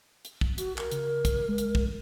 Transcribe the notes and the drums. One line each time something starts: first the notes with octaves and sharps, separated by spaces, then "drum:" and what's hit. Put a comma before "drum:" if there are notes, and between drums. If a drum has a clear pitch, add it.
drum: hi-hat
drum: kick
F#4, drum: hi-hat
A#4, drum: clap
C#3, drum: hi-hat
drum: kick, hi-hat
G#3
drum: hi-hat
drum: kick